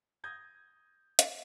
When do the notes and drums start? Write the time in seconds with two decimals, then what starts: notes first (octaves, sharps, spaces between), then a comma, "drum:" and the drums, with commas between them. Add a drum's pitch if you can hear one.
0.24 D#6 G6 G#6 A#6
1.19 drum: hi-hat